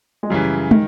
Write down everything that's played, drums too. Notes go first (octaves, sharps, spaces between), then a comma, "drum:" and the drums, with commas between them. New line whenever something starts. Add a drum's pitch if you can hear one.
G#3
F#2 C#3 E3 G3
D#3, drum: tom